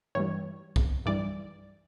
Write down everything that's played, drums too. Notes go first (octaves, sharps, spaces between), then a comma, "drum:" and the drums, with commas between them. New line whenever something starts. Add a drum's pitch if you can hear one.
G2 E3 G3 C#5
drum: kick B1
G2 E3 G3 D5